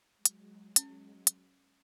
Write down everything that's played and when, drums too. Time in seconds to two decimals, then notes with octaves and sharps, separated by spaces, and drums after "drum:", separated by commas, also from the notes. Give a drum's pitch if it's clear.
0.16 F#3 G#3
0.25 drum: hi-hat
0.76 C#4, drum: hi-hat
1.27 drum: hi-hat